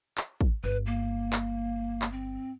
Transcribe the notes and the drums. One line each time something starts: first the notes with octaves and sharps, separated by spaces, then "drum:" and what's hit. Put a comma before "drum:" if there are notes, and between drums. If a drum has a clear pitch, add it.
drum: clap
drum: kick
G1 B4
A#3
drum: clap
drum: clap
C4